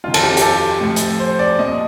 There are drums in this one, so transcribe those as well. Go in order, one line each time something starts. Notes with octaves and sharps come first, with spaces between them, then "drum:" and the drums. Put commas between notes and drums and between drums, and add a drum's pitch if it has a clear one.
F2 D#3 F4
A4, drum: cymbal
G4
G4, drum: hi-hat
A4
A2 F3
drum: hi-hat
C5
D5
A#2 F3 D#5